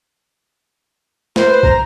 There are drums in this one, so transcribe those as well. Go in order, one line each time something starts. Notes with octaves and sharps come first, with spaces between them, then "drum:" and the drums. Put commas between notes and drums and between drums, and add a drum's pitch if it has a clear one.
A#4 C5, drum: snare
B4
A#5, drum: kick